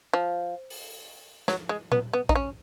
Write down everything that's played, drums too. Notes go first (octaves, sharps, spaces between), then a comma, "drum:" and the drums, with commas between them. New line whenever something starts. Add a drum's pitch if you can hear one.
F3
drum: open hi-hat
F#3, drum: snare
G#3
B3, drum: tom A#2
B3
D#4, drum: kick A#1
C#4